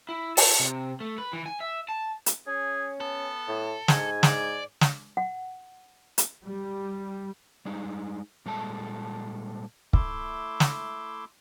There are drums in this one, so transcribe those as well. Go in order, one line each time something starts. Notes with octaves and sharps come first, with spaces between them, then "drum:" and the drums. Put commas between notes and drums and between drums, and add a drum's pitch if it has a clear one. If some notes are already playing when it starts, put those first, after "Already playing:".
E4
A5, drum: open hi-hat
C3
A3
B4
E3
G#5
E5
A5
drum: hi-hat
C#4 G#4
B3 A4
A2
G#2 G#5, drum: snare
D5, drum: snare
drum: snare
F#5
drum: hi-hat
G3
G3 G#3 D#4
A#2 G3 G#3 A4 A5
A3 E4 C6 D6 E6, drum: kick
drum: snare